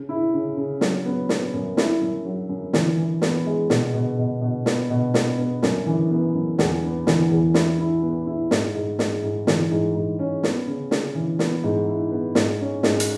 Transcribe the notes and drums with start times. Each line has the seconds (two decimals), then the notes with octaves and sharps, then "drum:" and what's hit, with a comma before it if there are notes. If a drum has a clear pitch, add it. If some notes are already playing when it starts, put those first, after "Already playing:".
Already playing: C#3
0.09 E4
0.33 C#3
0.57 C#3
0.81 F#3, drum: snare
1.05 B3
1.29 B3, drum: snare
1.54 F#2
1.77 E4, drum: snare
2.01 F#2
2.25 F#3
2.49 F#2
2.73 E3, drum: snare
2.97 E3
3.22 B3, drum: snare
3.46 G#3
3.70 B2, drum: snare
3.94 B2
4.18 B2
4.42 B2
4.66 B3, drum: snare
4.90 B2
5.14 B3, drum: snare
5.38 B3
5.62 F#2, drum: snare
5.86 E3
6.10 B3
6.34 F#2
6.58 E2, drum: snare
6.83 B3
7.07 E3, drum: snare
7.31 E2
7.54 E4, drum: snare
7.78 E4
8.03 B3
8.27 E4
8.51 G#2, drum: snare
8.75 G#2
8.99 G#2, drum: snare
9.23 G#2
9.47 E3, drum: snare
9.71 G#2
9.95 G#2
10.19 C#4
10.43 B3, drum: snare
10.67 C#3
10.91 C#3, drum: snare
11.15 E3
11.39 B3, drum: snare
11.64 G#2
11.88 E4
12.11 B3
12.35 G#2, drum: snare
12.60 C#4
12.83 G#2, drum: snare
13.00 drum: hi-hat